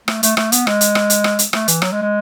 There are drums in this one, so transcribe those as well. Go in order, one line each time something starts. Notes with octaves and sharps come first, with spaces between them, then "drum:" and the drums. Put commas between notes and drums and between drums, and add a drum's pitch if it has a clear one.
A3, drum: rim click
A3, drum: hi-hat
A3, drum: rim click
B3, drum: hi-hat
G#3, drum: rim click
drum: hi-hat
drum: rim click
drum: hi-hat
drum: rim click
drum: hi-hat
A3, drum: rim click
E3, drum: hi-hat
F#3, drum: rim click
G#3
G#3